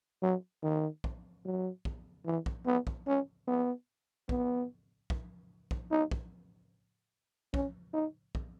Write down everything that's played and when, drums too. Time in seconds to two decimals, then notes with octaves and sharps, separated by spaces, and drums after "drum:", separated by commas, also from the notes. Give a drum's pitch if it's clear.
0.23 F#3
0.63 D#3
1.04 drum: kick
1.45 F#3
1.85 drum: kick
2.26 E3
2.46 drum: kick
2.66 B3
2.87 drum: kick
3.07 C#4
3.48 B3
4.29 B3, drum: kick
5.10 drum: kick
5.71 drum: kick
5.91 D#4
6.11 drum: kick
7.54 C#4, drum: kick
7.94 D#4
8.35 drum: kick